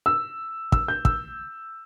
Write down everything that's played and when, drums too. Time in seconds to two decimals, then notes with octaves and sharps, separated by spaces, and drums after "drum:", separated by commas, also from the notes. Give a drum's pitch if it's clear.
0.06 E6
0.72 E6, drum: kick
0.88 G6
1.05 E6, drum: kick